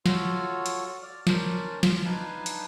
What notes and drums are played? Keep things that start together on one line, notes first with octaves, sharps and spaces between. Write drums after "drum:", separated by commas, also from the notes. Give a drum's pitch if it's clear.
F4 F#4 A4 C#5, drum: snare
drum: hi-hat
D5 F6
C#4 D4 A#4 C5 D5, drum: snare
F4, drum: snare
D4 D#4 B4 F5 G#5 A5
drum: hi-hat